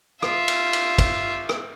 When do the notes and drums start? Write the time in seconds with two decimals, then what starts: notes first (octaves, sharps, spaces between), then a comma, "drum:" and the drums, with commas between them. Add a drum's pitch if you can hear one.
0.22 F4 E5, drum: rim click
0.48 drum: cymbal
0.73 drum: cymbal
0.98 drum: kick, cymbal
1.49 drum: rim click